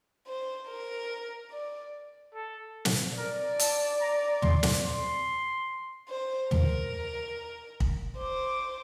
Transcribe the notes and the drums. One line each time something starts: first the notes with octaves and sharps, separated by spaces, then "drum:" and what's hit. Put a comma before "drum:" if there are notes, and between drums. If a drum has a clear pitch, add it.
C5
A#4
D5
A4
drum: snare
A#4 D5
A5, drum: hi-hat
A#5
C6, drum: tom
drum: snare
C6
C5
A#4, drum: tom
drum: kick
C5 D6